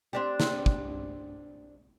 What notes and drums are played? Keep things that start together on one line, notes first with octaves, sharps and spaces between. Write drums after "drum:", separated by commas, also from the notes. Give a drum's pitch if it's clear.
C4 D4 G4
drum: snare
drum: kick